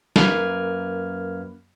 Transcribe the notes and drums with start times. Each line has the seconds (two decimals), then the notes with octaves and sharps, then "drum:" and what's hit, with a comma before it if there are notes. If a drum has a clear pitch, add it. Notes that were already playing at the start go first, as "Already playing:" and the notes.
0.16 F#2 A#3 B4 F6 G#6, drum: snare